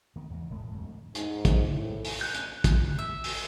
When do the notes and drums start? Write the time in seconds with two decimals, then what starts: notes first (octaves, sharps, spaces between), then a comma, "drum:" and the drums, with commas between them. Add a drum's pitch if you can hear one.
0.16 D#3 B3
0.30 E2 G#2 C#3
0.50 E1 A2 G#3 A3
0.71 D1 F2 D3 F#3
1.15 G#2, drum: hi-hat
1.45 drum: kick, hi-hat
1.68 A2
2.05 drum: open hi-hat
2.21 F#6 G6
2.35 drum: hi-hat
2.64 drum: kick, hi-hat
2.99 E5
3.24 drum: open hi-hat